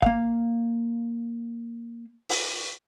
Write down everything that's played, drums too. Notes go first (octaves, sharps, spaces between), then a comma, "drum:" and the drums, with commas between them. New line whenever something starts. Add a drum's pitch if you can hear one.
A#3 F5, drum: kick
drum: open hi-hat